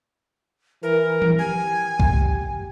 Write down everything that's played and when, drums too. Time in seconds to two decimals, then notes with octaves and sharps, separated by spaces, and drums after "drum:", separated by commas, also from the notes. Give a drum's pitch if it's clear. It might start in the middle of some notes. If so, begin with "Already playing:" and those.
0.83 E3 A#4
1.22 drum: tom E3
1.39 G4 G#5
2.00 drum: kick